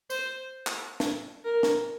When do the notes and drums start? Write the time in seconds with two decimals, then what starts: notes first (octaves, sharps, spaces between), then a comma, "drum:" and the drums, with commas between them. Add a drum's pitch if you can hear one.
0.10 C5, drum: tambourine
0.67 drum: clap
1.00 drum: snare
1.45 A#4
1.63 drum: snare